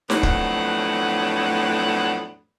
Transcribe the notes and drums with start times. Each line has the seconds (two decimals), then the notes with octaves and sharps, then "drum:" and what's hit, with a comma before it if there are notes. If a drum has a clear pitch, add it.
0.10 F2 A2 F#3 B3 D4 F#5, drum: snare
0.23 drum: kick